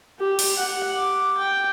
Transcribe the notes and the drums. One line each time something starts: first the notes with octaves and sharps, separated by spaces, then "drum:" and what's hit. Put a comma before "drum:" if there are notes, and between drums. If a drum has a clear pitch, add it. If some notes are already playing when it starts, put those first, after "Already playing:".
G4
drum: open hi-hat
F#5
D6
G5